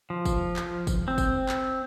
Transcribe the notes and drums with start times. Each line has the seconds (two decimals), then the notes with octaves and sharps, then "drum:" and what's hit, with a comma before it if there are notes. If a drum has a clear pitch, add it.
0.10 F3
0.26 drum: kick, tambourine
0.56 drum: clap
0.87 drum: kick, tambourine
1.08 C4
1.18 drum: kick, tambourine
1.49 drum: clap